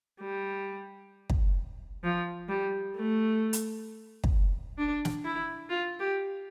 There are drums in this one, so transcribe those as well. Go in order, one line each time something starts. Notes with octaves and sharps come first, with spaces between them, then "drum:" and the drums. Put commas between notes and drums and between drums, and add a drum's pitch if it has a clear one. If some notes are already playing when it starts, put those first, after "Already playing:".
G3
drum: kick
F3
G3
A3
drum: hi-hat
drum: kick
D4
drum: snare
E4
F4
G4